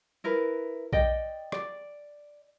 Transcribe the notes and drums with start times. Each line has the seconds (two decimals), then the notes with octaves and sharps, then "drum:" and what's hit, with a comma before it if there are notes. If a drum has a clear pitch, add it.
0.24 E4 A#4 B4
0.93 D5 D#5 G5, drum: kick B1
1.52 D5, drum: rim click